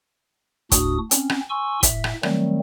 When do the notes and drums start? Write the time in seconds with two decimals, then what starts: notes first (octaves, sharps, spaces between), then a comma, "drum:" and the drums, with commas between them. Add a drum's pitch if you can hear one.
0.72 D2 A2 D4 F#4 D#6, drum: kick, hi-hat
1.11 C4 C#4, drum: hi-hat
1.30 drum: rim click
1.50 G#5 C6 C#6 E6
1.83 A2 E5, drum: kick, hi-hat
2.04 drum: rim click
2.23 D#3 F#3 G3 A3 C4, drum: rim click